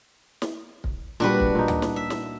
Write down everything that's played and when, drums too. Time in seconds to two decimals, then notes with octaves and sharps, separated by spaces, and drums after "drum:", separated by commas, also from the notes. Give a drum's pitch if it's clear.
0.42 drum: snare
0.84 drum: kick
1.20 A#2 G3 D4 F#4 B4
1.40 drum: kick
1.55 A#2 D#4
1.68 drum: tom D2
1.82 drum: snare
1.96 E5
2.10 drum: snare